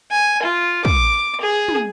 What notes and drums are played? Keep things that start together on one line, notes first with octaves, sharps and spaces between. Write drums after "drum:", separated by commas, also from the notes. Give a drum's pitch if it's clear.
G#5
F4
D6, drum: kick
G#4
drum: tom